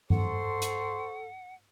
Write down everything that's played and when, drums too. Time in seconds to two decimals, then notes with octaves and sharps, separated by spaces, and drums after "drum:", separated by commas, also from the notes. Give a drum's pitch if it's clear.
0.10 A4 C5 F#5 C6 C#6, drum: tom G2
0.62 drum: hi-hat